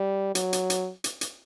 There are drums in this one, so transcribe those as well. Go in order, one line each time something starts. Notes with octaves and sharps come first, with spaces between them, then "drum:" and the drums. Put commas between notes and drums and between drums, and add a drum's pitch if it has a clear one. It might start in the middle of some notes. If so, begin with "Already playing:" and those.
Already playing: G3
F#3, drum: hi-hat
drum: hi-hat
drum: hi-hat
drum: hi-hat
drum: hi-hat